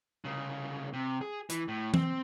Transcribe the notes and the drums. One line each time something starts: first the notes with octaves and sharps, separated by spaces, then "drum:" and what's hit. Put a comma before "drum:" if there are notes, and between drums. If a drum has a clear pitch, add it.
C2 C#3
C3
G#4
E3, drum: hi-hat
A2
C4, drum: tom E3